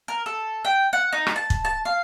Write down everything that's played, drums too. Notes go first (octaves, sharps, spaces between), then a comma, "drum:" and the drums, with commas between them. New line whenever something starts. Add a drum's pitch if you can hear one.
A#4
A4
G5
F#5
D#4
drum: rim click
A5
drum: kick
A5
F5